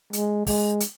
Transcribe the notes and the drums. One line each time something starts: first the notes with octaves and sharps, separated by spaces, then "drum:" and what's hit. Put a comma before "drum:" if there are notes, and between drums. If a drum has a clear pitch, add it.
G#3, drum: hi-hat
G#3, drum: kick, open hi-hat
drum: hi-hat